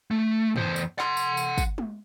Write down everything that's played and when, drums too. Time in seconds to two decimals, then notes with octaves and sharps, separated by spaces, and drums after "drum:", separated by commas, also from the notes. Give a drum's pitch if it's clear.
0.11 A3
0.56 E2 C5, drum: tom G2
0.76 drum: tambourine
0.99 F#5 C6, drum: clap
1.17 drum: tambourine
1.37 drum: tambourine
1.58 drum: kick, tambourine
1.78 drum: tom G#3